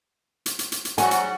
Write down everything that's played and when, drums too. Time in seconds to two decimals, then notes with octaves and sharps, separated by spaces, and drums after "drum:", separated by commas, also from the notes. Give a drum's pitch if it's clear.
0.46 drum: hi-hat
0.59 drum: hi-hat
0.72 drum: hi-hat
0.85 drum: hi-hat
0.98 G#2 F#3 G3 F#4 F#5 G#5, drum: hi-hat
1.11 drum: hi-hat